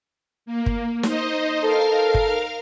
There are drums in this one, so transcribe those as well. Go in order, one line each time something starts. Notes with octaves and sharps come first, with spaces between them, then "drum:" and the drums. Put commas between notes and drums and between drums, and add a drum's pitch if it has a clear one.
A#3
drum: kick G1
D#4 C5 D#5, drum: snare
A4 A#4 F5 F6
drum: kick G1